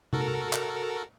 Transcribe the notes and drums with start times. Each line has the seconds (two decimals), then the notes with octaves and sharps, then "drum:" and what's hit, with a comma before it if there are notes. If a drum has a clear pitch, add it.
0.13 F#4 A4 A#4, drum: tom C3
0.53 drum: clap